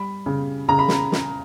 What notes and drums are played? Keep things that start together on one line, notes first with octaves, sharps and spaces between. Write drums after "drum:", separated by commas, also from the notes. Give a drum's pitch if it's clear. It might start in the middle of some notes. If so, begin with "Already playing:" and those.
Already playing: G3 B5
C#3
C#3 A#5
B5
drum: snare
drum: snare